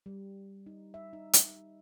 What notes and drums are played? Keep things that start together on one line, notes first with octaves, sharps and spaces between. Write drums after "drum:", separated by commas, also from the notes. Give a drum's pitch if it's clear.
G3
D#4
E5
D#4
drum: hi-hat